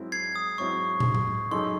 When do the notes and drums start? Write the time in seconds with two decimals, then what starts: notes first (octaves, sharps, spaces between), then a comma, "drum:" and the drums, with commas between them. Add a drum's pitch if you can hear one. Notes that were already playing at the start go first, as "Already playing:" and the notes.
Already playing: G#2 F#3 C4 E4
0.12 G#6 C7
0.36 D#6
0.58 G#2 F#3 C4 E4 C#6
1.00 drum: tom
1.15 drum: tom
1.51 F#2 C#3 G#3 D#4 A4 C6